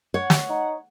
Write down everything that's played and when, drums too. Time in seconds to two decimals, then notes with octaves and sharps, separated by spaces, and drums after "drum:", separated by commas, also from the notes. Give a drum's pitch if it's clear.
0.14 C#5 F#5
0.30 drum: snare
0.49 D#4